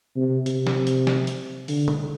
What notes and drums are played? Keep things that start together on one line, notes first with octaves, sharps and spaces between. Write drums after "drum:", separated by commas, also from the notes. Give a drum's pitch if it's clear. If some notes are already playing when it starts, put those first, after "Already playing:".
C3
C3, drum: hi-hat
drum: snare
drum: hi-hat
drum: snare
drum: hi-hat
D3, drum: open hi-hat
drum: tom